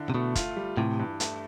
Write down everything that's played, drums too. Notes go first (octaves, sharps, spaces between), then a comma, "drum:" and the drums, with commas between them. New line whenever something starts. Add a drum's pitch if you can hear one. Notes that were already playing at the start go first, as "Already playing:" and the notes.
Already playing: D3 E4
C3
B2 A3
F4, drum: kick, hi-hat
G3
A2 C3 E3
G2
A3, drum: hi-hat